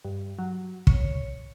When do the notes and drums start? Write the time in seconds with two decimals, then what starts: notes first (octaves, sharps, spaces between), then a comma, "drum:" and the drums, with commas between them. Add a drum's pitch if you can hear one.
0.05 G2
0.39 F#3
0.87 C#5, drum: kick